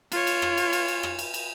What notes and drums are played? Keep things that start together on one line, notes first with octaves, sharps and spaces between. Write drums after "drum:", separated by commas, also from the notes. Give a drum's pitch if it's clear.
F4 C#5, drum: cymbal
drum: cymbal
drum: rim click
drum: cymbal
drum: cymbal
drum: cymbal
drum: rim click
drum: cymbal
drum: cymbal